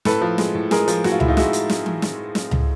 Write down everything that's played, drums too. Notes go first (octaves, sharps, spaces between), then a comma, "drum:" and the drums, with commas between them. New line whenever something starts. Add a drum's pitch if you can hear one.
A2 A4 B4, drum: snare
F3
G#3, drum: snare
A2
G#3 G#4 A#4, drum: snare
F3, drum: hi-hat
A2 F#4, drum: snare
F4
A2 E4, drum: tom C#2
D#4 F4
G#3 E4 F#4, drum: snare
drum: hi-hat
drum: snare
drum: tom E3
drum: snare
drum: snare
drum: tom C#2